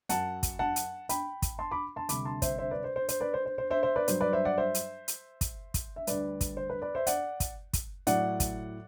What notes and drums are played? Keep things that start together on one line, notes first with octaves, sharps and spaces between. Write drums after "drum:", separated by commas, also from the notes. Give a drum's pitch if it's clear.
F#2 F#3 F#5 A5, drum: hi-hat
drum: kick, hi-hat
F#5 A5
drum: hi-hat
G5 B5, drum: hi-hat
drum: kick, hi-hat
A5 C6
B5 D6
A5 C6
D2 C3 G3 B5 D6, drum: hi-hat
A5 C6
C5 E5, drum: kick, hi-hat
C5 E5
B4 D5
C5
C5
C5, drum: hi-hat
B4 D5
C5
C5
C5
C5 E5
C5 E5
B4 D5
G2 F#3 C5, drum: hi-hat
B4 D5
C5 E5
D5 F#5
C5 E5
drum: hi-hat
drum: hi-hat
drum: kick, hi-hat
drum: kick, hi-hat
E5
D2 D3 G3 B4 D5, drum: hi-hat
drum: kick, hi-hat
C5
B4
B4 D5
C5 E5
D5 F#5, drum: hi-hat
drum: kick, hi-hat
drum: kick, hi-hat
A2 F#3 D5 F#5, drum: hi-hat
drum: kick, hi-hat